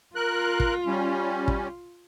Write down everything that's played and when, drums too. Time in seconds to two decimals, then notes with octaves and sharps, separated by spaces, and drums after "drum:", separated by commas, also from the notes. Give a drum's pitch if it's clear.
0.16 F4 A#4 F#6
0.60 drum: kick
0.87 G3 C#4
1.48 drum: kick